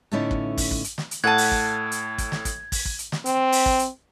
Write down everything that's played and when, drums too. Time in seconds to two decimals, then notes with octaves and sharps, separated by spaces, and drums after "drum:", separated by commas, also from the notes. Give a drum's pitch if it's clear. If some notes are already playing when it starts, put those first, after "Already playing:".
0.12 A2 D3 B3 C#4 D#4 E4
0.31 drum: kick
0.58 drum: kick, open hi-hat
0.71 drum: kick
0.84 drum: hi-hat
0.98 drum: snare
1.11 drum: hi-hat
1.24 A2 A4 F#5 A5 G#6 D#7
1.38 drum: open hi-hat
1.51 drum: kick
1.92 drum: hi-hat
2.18 drum: kick, hi-hat
2.32 drum: snare
2.45 drum: kick, hi-hat
2.72 drum: kick, open hi-hat
2.85 drum: kick
2.99 drum: hi-hat
3.12 drum: snare
3.26 C4, drum: hi-hat
3.52 drum: open hi-hat
3.66 drum: kick
3.79 drum: hi-hat